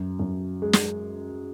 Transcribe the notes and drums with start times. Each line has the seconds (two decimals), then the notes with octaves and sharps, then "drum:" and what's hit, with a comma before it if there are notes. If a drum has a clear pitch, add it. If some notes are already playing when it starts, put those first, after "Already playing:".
Already playing: F#2
0.20 F#2
0.62 G#3
0.73 drum: snare